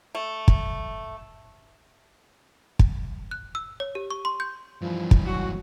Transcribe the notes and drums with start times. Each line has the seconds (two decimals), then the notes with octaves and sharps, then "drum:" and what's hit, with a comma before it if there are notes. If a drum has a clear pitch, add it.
0.15 A3
0.48 drum: kick
2.79 drum: kick
3.31 F#6
3.55 E6
3.80 C#5
3.95 G4
4.11 C#6
4.25 C6
4.40 G6
4.82 G2 E3 F3
5.11 drum: kick
5.25 F#3 F#4